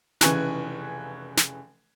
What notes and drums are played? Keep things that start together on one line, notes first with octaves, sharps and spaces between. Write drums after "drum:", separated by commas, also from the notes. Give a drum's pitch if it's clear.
F1 C#3 E3 G#5 C#6 F#6, drum: snare
drum: snare